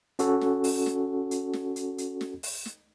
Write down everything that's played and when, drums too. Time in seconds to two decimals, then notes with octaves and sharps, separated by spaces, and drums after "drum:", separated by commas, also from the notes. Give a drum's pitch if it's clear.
0.19 C#4 F#4 A4, drum: hi-hat
0.41 drum: snare
0.64 drum: open hi-hat
0.86 drum: snare
1.31 drum: hi-hat
1.53 drum: snare
1.76 drum: hi-hat
1.98 drum: hi-hat
2.21 drum: snare
2.43 drum: open hi-hat
2.65 drum: snare